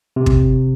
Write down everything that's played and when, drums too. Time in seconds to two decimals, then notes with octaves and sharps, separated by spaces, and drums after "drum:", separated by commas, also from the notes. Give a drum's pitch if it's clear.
0.16 C3
0.26 drum: kick